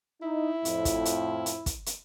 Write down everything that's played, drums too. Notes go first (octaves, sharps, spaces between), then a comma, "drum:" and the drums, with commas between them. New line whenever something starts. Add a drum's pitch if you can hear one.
D#4 E4
F2 A2, drum: hi-hat
drum: kick, hi-hat
drum: hi-hat
drum: hi-hat
drum: kick, hi-hat
drum: hi-hat